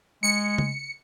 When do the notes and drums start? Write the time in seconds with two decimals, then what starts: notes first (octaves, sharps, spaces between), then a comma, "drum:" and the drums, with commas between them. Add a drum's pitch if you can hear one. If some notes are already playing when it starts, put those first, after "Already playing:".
0.23 G#3 C#7
0.58 drum: tom C#3